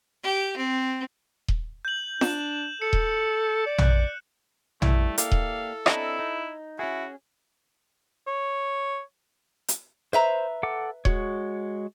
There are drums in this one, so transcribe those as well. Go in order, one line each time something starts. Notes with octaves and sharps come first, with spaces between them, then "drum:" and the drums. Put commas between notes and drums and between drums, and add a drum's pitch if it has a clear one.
G4
C4
drum: kick D#1
G6 F#7
D4 G6 E7, drum: snare
A4 C#7
drum: kick D#1
D5
F#6, drum: tom A#1
G3 A3 E4, drum: tom A#1
A#3 G4 A4 D5 F5, drum: hi-hat
drum: kick D#1
C4 D4 E4 C#5 D#5 A#5, drum: rim click
D#4
C#4 E4 F#4 G#4
C#5
drum: hi-hat
B4 C5 E5 A#5
A4 F#5 D6
G#3 F#4 C#5, drum: kick D#1